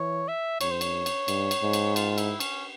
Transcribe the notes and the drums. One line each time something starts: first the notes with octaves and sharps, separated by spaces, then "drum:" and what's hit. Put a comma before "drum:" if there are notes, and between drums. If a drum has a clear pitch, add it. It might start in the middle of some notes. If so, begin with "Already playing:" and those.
Already playing: E3 C#5
E5
F2 C#5, drum: cymbal
C5
C#5, drum: cymbal
drum: cymbal
G2, drum: cymbal
drum: cymbal
G#2
drum: cymbal
F4, drum: cymbal
F4
E4, drum: cymbal
C#4, drum: cymbal